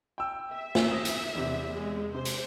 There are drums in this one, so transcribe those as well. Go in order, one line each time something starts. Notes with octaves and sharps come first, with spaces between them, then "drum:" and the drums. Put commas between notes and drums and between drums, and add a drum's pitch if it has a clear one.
G5 E6
E5
drum: snare
D#6 A#6
drum: hi-hat
E2 C3
G#3
C3 C5
drum: hi-hat